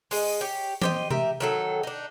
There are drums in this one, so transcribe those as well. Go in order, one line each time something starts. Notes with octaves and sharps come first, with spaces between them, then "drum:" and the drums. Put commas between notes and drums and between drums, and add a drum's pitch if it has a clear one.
G#3 D#5, drum: open hi-hat
G4 C#5
G4 C5 D#5, drum: tom E3
G4 A#4 E5, drum: tom C3
D#3 F#3 A4
D4 D#4